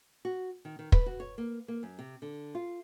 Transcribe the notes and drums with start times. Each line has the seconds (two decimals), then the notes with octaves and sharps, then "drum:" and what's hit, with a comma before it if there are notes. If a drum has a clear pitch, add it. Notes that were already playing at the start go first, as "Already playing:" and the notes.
0.25 F#4
0.65 D#3
0.79 D#3
0.92 B4, drum: kick
1.06 F#4
1.20 C#5
1.38 A#3
1.68 A#3
1.83 F#2
1.99 C3
2.22 D3
2.55 F4